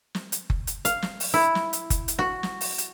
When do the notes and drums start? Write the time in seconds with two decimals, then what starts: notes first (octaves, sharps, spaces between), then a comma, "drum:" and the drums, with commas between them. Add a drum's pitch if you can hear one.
0.15 drum: snare
0.32 drum: hi-hat
0.50 drum: kick F#1
0.67 drum: hi-hat
0.85 F5, drum: hi-hat
1.02 drum: snare
1.20 drum: open hi-hat
1.34 E4
1.55 drum: snare
1.73 drum: hi-hat
1.90 drum: kick F#1, hi-hat
2.08 drum: hi-hat
2.19 F#4
2.43 drum: snare
2.61 drum: open hi-hat
2.78 drum: hi-hat